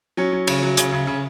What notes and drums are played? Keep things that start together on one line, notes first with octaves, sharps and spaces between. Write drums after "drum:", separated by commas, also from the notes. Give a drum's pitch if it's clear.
F#3 C#4
F#3
C#3, drum: cymbal
F#3
C#3, drum: hi-hat
C#3
C#3